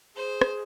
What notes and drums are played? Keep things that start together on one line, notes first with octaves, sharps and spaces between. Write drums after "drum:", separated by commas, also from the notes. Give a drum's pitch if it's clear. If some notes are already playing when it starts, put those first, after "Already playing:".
G#4 C5
drum: rim click